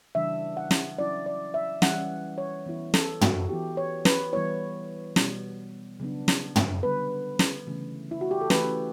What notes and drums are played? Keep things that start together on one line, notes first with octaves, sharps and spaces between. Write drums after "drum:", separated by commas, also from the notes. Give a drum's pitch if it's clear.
C#3 E3 G3 D4 E5
F#5
drum: snare
F#3 C#4 E4 D5
D5
E5
E3 G3 C#4 F#5, drum: snare
C#5
E3 B3 E4
A4, drum: snare
F#4, drum: tom
E3 B3 E4 G4
C#5
B4, drum: snare
E3 G3 B3 E4 C#5
B2 G3 B3, drum: snare
C#3 F#3 B3 D4
drum: snare
drum: tom
D3 G3 B3 B4
drum: snare
C#3 E3 A3 C#4
E4
F#4
G4
A4
E3 A3 C#4 B4, drum: snare